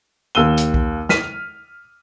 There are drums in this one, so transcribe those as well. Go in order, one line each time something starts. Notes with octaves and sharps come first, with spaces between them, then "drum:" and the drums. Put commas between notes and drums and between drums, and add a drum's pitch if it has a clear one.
D#2 E6 D#7 G7
drum: hi-hat
drum: kick B1
F6 B6 D#7, drum: snare